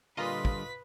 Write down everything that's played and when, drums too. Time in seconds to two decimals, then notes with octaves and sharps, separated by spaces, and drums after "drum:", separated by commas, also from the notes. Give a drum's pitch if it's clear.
0.17 A#2 D3 G3 F4 B4 D#5 B6
0.45 drum: kick